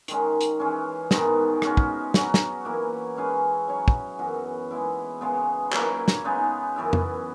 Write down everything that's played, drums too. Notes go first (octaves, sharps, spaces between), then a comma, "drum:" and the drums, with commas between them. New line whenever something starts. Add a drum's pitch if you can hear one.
D#3 G#3 C#4, drum: hi-hat
drum: hi-hat
E3 G#3 C#4
G#2 D#3 G#3 B3, drum: snare
G#3 C#4 F#4, drum: rim click
drum: kick
F#3 C#4 F#4, drum: snare
drum: snare
E3 A#3 E4
G#3 C#4 G#4 B4
F#3 C#4 G#4 C#5
drum: kick
F#2 E3 B3 F#4
G#3 B3 E4
C#3 G#3 B3
F#3 A#3 E4 B4, drum: clap
drum: snare
C#3 G#3 B3 D#4
F#2 E3 B3 E4
drum: tom F2